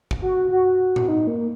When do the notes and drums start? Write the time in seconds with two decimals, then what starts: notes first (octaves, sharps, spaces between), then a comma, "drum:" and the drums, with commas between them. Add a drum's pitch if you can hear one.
0.11 drum: kick
0.22 F#4
0.51 F#4
0.96 drum: tom A2
1.08 D#4
1.27 A#3